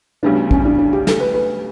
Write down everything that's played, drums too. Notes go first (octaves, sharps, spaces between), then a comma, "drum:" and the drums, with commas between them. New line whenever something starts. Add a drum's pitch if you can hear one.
D2 C#3 G3 B3 D4
C#4, drum: kick
D4
D4
G4
A4, drum: snare
B4
B4